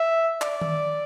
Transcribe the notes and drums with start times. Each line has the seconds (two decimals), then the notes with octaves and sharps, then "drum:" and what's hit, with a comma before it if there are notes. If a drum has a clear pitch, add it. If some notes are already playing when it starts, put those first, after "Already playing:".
Already playing: E5
0.41 D5, drum: clap
0.62 drum: tom D#3